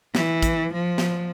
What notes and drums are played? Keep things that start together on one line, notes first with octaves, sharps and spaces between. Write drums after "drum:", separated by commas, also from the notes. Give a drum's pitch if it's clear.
E3, drum: snare
drum: kick, hi-hat
F3
drum: snare